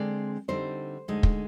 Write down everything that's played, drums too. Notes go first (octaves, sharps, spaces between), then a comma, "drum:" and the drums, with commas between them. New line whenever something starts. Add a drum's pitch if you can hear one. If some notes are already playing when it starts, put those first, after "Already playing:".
Already playing: D3 G#3 C4 D5
D3 G3 C4 D#4 C5
D2 D3 G#3 D#4
drum: kick